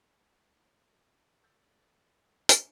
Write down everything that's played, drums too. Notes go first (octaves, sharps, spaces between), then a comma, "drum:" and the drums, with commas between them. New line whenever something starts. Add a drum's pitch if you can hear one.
A4 B4 D5 E6 G6 A6
drum: hi-hat